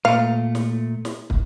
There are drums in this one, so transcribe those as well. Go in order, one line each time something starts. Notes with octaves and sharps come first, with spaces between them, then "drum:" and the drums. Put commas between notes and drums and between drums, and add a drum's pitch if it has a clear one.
A#2 A3 F5
drum: snare
drum: snare
drum: kick